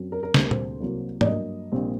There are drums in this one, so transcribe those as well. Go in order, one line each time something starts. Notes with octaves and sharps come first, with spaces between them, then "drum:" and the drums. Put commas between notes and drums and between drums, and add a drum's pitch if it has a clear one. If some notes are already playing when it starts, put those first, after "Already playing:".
Already playing: F#2 F#3 C4
A#4
A#4
D2 C3 G3 A#3 C5, drum: snare
A#4
C5, drum: tom A#2
C2 C3 F#3 A#3
D5, drum: tom G#2
G2 F#3 A#3 D#5
A#1 A#2 G3 C4